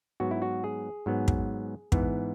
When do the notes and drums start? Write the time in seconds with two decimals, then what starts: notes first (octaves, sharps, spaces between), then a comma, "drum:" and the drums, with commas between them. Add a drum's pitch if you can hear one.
0.20 G#2 F#3 B3 F#4
0.31 E4
0.42 F#4
0.64 G#4
1.06 G#2 F#3 B3
1.28 drum: kick
1.92 G#2 E3 B3, drum: kick